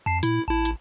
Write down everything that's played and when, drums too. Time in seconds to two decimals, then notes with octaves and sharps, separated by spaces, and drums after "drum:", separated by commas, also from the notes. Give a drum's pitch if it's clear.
0.06 F2 A5 C7
0.23 A#2 E4, drum: hi-hat
0.48 A1 E4 A5
0.65 drum: hi-hat